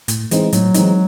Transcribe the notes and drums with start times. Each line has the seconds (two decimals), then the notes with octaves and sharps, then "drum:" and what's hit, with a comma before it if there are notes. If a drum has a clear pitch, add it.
0.08 A2, drum: hi-hat
0.31 E3 G#3 C4 D#4, drum: hi-hat
0.53 A2 F#3, drum: hi-hat
0.74 E3 G#3 C4 D#4, drum: hi-hat